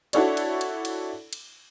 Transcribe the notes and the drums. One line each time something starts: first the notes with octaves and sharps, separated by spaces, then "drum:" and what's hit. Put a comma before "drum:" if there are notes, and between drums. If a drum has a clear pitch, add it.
D4 E4 F#4 A4 C#5 D5, drum: cymbal
drum: cymbal
drum: cymbal
drum: cymbal
drum: cymbal